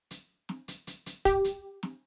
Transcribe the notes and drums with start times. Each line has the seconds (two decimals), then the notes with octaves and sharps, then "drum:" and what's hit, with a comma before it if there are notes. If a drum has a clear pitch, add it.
0.11 drum: hi-hat
0.49 drum: snare
0.68 drum: hi-hat
0.87 drum: hi-hat
1.06 drum: hi-hat
1.25 G4, drum: kick, hi-hat
1.44 drum: hi-hat
1.83 drum: snare